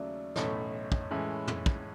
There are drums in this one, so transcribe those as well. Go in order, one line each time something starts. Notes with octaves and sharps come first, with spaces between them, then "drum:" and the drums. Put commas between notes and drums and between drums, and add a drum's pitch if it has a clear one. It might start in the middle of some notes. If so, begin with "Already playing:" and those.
Already playing: D#2 C#3 F#3 A3 D5 E5
B1 A2 E3 A3 C#4 C#5 D#5, drum: snare
drum: kick
A2 E3 G#3 C#4 E4
drum: tom
drum: kick